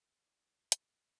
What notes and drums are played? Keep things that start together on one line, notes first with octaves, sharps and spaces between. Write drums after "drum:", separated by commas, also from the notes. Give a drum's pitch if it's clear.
E4 D5
drum: hi-hat